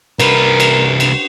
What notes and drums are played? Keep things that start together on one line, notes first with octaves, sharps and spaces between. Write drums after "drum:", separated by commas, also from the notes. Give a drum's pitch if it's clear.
C2 A#4 B4, drum: cymbal
drum: cymbal
drum: cymbal